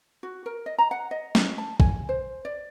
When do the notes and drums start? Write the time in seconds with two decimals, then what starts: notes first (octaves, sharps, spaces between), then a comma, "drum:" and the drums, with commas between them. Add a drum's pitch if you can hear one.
0.23 F#4
0.46 A#4
0.66 D#5
0.78 A#5
0.91 F#5
1.11 D#5
1.35 C#4, drum: snare
1.58 A5
1.80 G#5, drum: kick
2.09 C5
2.45 D5